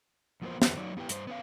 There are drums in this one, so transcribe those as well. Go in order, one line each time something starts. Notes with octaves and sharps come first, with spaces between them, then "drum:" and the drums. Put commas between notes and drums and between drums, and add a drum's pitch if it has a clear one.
E2 A#2 F3 A#3 B3 C5
E2 B3, drum: snare
F#3 D#4 C#5 D5
B3 E4 G4 B4 G5
G2 C5, drum: hi-hat
B3 C#4 F5